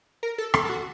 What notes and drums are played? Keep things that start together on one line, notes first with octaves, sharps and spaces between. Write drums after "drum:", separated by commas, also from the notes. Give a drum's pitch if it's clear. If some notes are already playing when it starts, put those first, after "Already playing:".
A#4
A4
A4, drum: rim click
A4
F#4